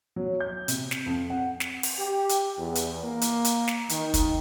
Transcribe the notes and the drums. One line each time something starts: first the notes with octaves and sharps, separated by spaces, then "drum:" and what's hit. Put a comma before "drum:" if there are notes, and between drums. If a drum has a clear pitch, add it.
F#3
G6
C3, drum: hi-hat
drum: snare
F2
F#5
drum: snare
drum: open hi-hat
G4
drum: hi-hat
E2
drum: hi-hat
A#3
drum: hi-hat
drum: hi-hat
drum: snare
D#3, drum: hi-hat
drum: kick, hi-hat